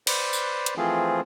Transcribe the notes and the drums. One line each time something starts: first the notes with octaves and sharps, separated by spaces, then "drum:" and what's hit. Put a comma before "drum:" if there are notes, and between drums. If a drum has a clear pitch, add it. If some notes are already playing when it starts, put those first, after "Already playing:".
B4 C5 D5, drum: cymbal
drum: tambourine
drum: hi-hat
E3 F3 A3 C4 F4 G#4